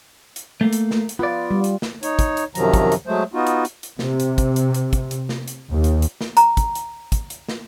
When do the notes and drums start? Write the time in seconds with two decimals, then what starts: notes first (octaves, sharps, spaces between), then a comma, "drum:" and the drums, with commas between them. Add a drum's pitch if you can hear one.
0.36 drum: hi-hat
0.61 A3 A#3
0.73 drum: hi-hat
0.91 drum: snare
1.09 drum: hi-hat
1.19 B3 F4 D5
1.51 G3
1.64 drum: hi-hat
1.82 drum: snare
2.03 D#4 C#5, drum: hi-hat
2.19 drum: kick, hi-hat
2.37 drum: hi-hat
2.55 F#2 C3 D#3 F3 F#3 A#5, drum: hi-hat
2.74 drum: kick, hi-hat
2.92 drum: hi-hat
3.07 F#3 G#3 A3 C5
3.34 B3 D#4 F4 F#4
3.47 drum: hi-hat
3.65 drum: hi-hat
3.83 drum: hi-hat
3.99 C3, drum: snare
4.20 drum: hi-hat
4.38 drum: kick, hi-hat
4.56 drum: hi-hat
4.74 drum: hi-hat
4.93 drum: kick, hi-hat
5.11 drum: hi-hat
5.29 drum: snare
5.48 drum: hi-hat
5.72 D#2
5.84 drum: hi-hat
6.02 drum: hi-hat
6.21 drum: snare
6.37 A#5, drum: hi-hat
6.57 drum: kick, hi-hat
6.75 drum: hi-hat
7.12 drum: kick, hi-hat
7.30 drum: hi-hat
7.48 drum: snare